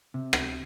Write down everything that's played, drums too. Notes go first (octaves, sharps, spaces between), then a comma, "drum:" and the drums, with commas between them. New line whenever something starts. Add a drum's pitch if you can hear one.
C3
drum: rim click